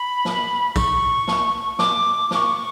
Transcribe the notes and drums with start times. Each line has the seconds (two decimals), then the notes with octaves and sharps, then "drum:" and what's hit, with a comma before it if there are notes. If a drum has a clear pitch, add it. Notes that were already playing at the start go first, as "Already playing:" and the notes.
Already playing: B5
0.25 drum: snare
0.76 C#6, drum: kick, tambourine
1.28 drum: snare
1.79 D6, drum: snare
2.31 D6, drum: snare
2.35 C#6